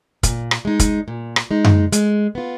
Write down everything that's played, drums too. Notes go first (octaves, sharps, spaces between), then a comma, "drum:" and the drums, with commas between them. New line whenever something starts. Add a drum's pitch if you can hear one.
A#2, drum: kick, hi-hat
drum: rim click
G#3 D#4
drum: kick, hi-hat
A#2
drum: rim click
G#3 D#4
drum: tom F#2
G#3, drum: hi-hat
B3 F4